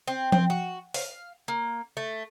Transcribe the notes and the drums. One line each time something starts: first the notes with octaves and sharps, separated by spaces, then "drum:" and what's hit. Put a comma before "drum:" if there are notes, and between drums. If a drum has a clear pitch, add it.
C4
C4, drum: tom F3
F#4
F5, drum: open hi-hat
A#3
A3